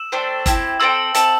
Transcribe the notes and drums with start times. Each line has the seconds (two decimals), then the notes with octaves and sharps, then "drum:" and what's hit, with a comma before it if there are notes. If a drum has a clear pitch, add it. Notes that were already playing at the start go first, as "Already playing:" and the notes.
Already playing: E6 E7
0.12 A3 D4 C5 G5
0.46 C4 E4 G4, drum: kick G1, hi-hat
0.80 C4 A4 C5 G5 E6
1.15 C4 A4 E5 A5, drum: hi-hat